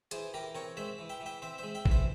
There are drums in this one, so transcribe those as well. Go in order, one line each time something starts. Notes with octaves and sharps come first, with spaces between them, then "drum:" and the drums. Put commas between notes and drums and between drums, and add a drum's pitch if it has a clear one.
E3 G#4 C5, drum: hi-hat
E3 G4 A#4
C4 A#4 C#5
G#3 C5 E5
E3
E5 G5
E3
E5 G5
C4 C5 E5
G#3 C5 E5
E5 G5
E3, drum: kick G#1
C5 E5